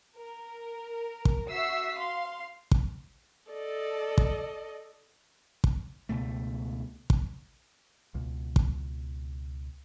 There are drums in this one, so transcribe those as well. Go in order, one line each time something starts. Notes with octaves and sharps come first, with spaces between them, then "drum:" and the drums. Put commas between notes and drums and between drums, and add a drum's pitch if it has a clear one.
A#4
drum: kick
F#4 E5 E6 B6 C7
F5 C6
drum: kick
A4 D5 D#5
drum: kick
drum: kick
C#2 B2 A3
drum: kick
C#2 B2
drum: kick